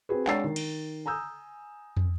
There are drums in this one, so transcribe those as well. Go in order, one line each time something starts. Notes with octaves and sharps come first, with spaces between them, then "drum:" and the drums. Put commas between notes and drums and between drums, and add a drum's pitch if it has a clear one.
C4 F#4 G#4 B4
G#3 D4 C#5 E6 A6 C7, drum: clap
D#3
drum: cymbal
G#5 A#5 D#6 E6 G6
drum: tom